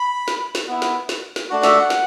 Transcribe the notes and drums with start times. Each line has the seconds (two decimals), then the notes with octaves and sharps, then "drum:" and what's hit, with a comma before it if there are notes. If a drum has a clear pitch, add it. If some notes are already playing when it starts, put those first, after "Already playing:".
Already playing: B5
0.28 drum: snare
0.55 drum: snare
0.68 B3 E4
0.82 drum: snare
1.09 drum: snare
1.36 drum: snare
1.50 A3 D4 F#4 F#5
1.63 E5, drum: snare
1.77 F#5
1.90 drum: snare